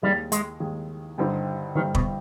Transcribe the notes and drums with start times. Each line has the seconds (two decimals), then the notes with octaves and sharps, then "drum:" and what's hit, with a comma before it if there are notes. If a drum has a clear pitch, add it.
0.02 D#2 D#3 G3 G#3
0.32 G#3, drum: hi-hat
0.60 D#2 D#3 G#3
1.18 G2 D3 G3 C4 D#4
1.75 G2 D3 D#3 G3 C4 D#4
1.95 B2, drum: kick